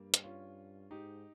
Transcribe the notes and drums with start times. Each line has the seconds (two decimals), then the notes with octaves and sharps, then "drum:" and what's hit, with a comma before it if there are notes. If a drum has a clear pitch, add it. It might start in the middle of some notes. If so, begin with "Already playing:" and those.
Already playing: G2 G3 A#3
0.14 drum: hi-hat
0.24 C#4 F4
0.91 G#2 D#4 G4